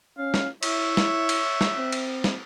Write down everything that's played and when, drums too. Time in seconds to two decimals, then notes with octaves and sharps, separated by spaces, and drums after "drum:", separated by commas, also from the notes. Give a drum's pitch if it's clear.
0.18 C#4 F5
0.34 drum: snare
0.63 E4 C#5 E5, drum: cymbal
0.97 drum: snare
1.29 drum: cymbal
1.61 drum: snare
1.77 C4
1.92 drum: cymbal
2.24 drum: snare